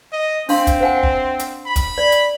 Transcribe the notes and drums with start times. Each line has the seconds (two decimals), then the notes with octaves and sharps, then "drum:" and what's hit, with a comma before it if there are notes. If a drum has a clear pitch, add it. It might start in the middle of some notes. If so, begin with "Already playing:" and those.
0.12 D#5
0.49 C4 D4 F5 C6, drum: open hi-hat
0.67 drum: kick, hi-hat
0.81 C5 F#5 G#5
1.03 drum: kick
1.39 drum: hi-hat
1.67 B5
1.76 drum: kick, hi-hat
1.98 D5
2.12 drum: hi-hat